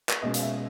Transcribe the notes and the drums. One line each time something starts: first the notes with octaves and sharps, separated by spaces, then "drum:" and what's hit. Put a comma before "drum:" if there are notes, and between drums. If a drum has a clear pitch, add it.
drum: clap
B2 G#3 C#4 D#5
F5, drum: hi-hat
E5